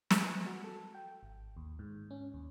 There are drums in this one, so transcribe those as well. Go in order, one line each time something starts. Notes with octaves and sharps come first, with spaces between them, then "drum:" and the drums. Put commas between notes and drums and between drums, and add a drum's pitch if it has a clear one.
G#5, drum: snare
F#4
A4
G5
G#1
D#2
G#2
C#4
D#2